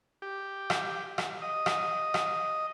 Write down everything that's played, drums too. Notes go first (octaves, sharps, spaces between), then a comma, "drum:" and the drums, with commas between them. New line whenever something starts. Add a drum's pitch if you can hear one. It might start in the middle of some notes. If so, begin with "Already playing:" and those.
G4
drum: rim click
drum: rim click
D#5
drum: rim click
drum: rim click